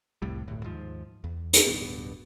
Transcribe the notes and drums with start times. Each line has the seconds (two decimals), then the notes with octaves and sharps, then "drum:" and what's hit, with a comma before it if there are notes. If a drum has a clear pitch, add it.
0.22 C2 F2 A2 G3
0.48 D1 G1 A2
0.63 D#2 G#2 F3
1.24 E2
1.53 drum: hi-hat
1.67 D1 G2 B2 B3